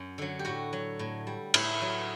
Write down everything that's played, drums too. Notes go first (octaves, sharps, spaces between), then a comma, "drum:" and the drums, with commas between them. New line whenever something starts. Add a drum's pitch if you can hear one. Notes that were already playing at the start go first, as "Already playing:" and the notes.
Already playing: F#2
D3 F#3
G4
A2 F#4
F#3
A2
G3
A2 E4, drum: cymbal
F#3